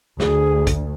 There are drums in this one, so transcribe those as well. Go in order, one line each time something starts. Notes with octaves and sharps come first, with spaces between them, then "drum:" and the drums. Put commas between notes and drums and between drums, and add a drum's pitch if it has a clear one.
D2 G#4, drum: snare
drum: kick, hi-hat